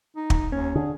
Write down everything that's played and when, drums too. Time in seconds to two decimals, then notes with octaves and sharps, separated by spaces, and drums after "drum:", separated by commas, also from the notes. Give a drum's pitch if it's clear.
0.16 D#4
0.30 drum: kick
0.52 D#2 C#4
0.75 D3 G#4